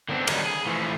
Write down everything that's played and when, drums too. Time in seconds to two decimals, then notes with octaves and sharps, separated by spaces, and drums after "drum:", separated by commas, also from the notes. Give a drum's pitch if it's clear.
0.09 D3 D#3 B3 C4 D4
0.27 D3 D#3 F#3 G3 D#4, drum: cymbal
0.46 G#4
0.66 E3 F3 A3